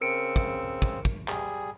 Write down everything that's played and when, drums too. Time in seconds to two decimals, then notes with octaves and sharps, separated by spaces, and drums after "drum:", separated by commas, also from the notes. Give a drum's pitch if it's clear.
0.01 C#3 C4 A#4 E6 C#7 D7
0.36 drum: kick
0.82 drum: kick
1.05 drum: kick
1.28 G3 G#4, drum: clap